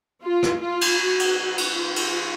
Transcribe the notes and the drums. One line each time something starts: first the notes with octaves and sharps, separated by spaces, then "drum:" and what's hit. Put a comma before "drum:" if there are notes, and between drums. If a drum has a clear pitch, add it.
F4
drum: rim click
F4
drum: cymbal
F#4
drum: cymbal
drum: cymbal
F4
drum: cymbal